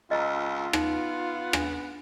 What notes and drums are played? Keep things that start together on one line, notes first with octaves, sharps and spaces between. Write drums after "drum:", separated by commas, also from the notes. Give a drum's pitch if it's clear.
C#2 F4 D#5 A#5
B3 D#4, drum: rim click
D4, drum: rim click